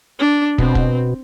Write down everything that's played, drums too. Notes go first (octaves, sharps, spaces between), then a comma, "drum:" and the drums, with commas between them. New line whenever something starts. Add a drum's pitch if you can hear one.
D4
B2 C4, drum: kick
drum: kick